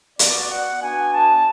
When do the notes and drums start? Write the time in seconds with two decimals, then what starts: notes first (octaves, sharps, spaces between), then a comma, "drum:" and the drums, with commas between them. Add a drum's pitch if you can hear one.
0.19 B3 F#4 D5, drum: hi-hat
0.50 F#5
0.81 B3 D4 F#4 G#5
1.12 A5